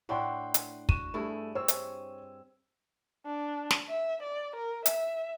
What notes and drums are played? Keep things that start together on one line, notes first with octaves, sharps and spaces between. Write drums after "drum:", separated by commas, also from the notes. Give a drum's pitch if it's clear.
A2 D4 E4 F#5 G5 C6
drum: hi-hat
F#4 D#7 E7, drum: kick
G2 A3 E4 G#4
C4 C#5 E6
drum: hi-hat
D4
drum: snare
E5
D5
A#4
E5, drum: hi-hat